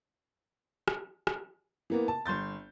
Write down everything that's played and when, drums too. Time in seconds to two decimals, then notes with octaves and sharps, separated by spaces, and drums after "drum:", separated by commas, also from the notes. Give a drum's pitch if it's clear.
0.88 drum: rim click
1.27 drum: rim click
1.90 E3 A#3 B3
2.08 A5
2.26 G1 C6 G6 A6